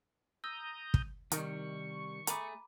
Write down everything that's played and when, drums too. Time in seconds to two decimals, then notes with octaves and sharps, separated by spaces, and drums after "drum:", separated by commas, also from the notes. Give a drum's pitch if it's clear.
0.44 A#5 D#6 E6 G6
0.94 drum: kick
1.32 C3 D#3 G3 C#6, drum: hi-hat
2.27 A3 G#4 A#5 B5 D6, drum: hi-hat